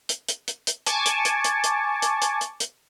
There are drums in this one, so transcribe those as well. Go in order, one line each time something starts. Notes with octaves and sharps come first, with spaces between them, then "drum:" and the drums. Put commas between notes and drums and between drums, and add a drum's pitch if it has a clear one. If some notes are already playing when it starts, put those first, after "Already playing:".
drum: hi-hat
drum: hi-hat
drum: hi-hat
drum: hi-hat
G#5 A5 C#6 D6, drum: hi-hat
drum: hi-hat
drum: hi-hat
drum: hi-hat
drum: hi-hat
drum: hi-hat
drum: hi-hat
drum: hi-hat
drum: hi-hat